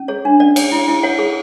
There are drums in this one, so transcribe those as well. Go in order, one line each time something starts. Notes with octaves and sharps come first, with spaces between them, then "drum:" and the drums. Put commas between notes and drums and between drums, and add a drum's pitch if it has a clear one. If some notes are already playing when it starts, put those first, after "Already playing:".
Already playing: C#4
G#4 C#5
D4
C#4 D5
C#5, drum: cymbal
E4
E4
C#5 F#5
G#4